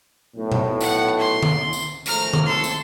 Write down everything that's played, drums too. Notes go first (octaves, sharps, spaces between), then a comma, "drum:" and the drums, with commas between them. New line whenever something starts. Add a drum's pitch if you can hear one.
B1 A2
drum: tom A#2
F#5, drum: tambourine
C6
drum: tom D3
drum: tambourine
G#1 F2 A3 A#5 F6, drum: tambourine
drum: tom D3
A4 C6
drum: tambourine